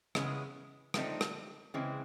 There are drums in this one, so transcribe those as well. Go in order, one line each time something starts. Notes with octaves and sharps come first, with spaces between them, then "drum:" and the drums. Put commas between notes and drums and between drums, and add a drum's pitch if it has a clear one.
C#3 E3 G#3 B3, drum: rim click
D3 F3 A3 C4 D#4, drum: rim click
drum: rim click
C#3 E3 G#3 C4